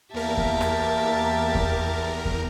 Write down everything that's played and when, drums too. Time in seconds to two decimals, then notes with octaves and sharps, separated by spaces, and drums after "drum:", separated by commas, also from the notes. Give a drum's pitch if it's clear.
0.14 E2 A#3 G4 A#4 E5 A5
0.37 drum: kick E2
0.61 drum: rim click
1.55 drum: kick E2
2.25 drum: kick E2